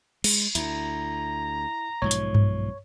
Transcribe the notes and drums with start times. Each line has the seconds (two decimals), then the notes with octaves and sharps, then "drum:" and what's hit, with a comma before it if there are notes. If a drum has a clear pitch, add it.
0.24 G#3, drum: cymbal
0.55 D2 E4 A#5, drum: hi-hat
2.02 B1 G#2 F3 C#5
2.11 drum: hi-hat
2.35 drum: tom G2